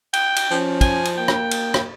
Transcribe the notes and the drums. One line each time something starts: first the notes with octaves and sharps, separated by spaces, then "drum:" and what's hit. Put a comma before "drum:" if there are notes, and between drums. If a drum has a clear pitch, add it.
G5, drum: cymbal
drum: cymbal
F3 C#4
G#5, drum: kick, cymbal
drum: cymbal
A#3 G5
drum: rim click
drum: cymbal
drum: rim click